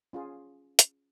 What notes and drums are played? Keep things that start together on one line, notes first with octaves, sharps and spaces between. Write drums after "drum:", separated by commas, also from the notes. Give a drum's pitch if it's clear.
C#4 F4 G#4
drum: hi-hat